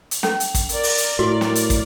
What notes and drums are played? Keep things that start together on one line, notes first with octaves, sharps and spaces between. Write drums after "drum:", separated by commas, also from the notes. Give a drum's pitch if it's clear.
drum: hi-hat
C#4 A4, drum: snare
drum: hi-hat
drum: kick, hi-hat
A#4 D5, drum: hi-hat
drum: open hi-hat
drum: hi-hat
A2 F#4
drum: snare
drum: hi-hat
drum: kick, hi-hat